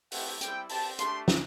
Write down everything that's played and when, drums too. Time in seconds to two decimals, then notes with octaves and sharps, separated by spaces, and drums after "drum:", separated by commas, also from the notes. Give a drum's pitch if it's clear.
0.12 A3 C4 E4 G4 F#5, drum: open hi-hat
0.41 G3 C4 E4 G5, drum: hi-hat
0.69 C4 G4 A5, drum: open hi-hat
0.99 A3 D4 G4 C6, drum: hi-hat
1.28 drum: snare